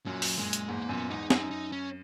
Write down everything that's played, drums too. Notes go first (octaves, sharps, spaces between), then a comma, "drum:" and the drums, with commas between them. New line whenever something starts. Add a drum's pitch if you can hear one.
F#2 A#2 F#3
drum: open hi-hat
F#2 A#2 G#3
drum: hi-hat
E2 G#2 A#3
F#2 A#2 B3
E2 G#2 D#4
F#2 D#4, drum: snare
D#4
C#4